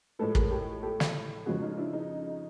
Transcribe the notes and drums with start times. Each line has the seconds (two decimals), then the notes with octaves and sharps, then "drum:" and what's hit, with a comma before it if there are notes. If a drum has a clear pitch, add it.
0.19 A2 F3 G#3 A4 B4
0.35 G#4 A#4, drum: kick
0.51 G4 A4
0.83 G4 A4
1.00 drum: snare
1.46 F2 C#3 F3 G#3 C#4 F#4 G#4
1.62 D#4 F4
1.78 D4 E4
1.93 D#4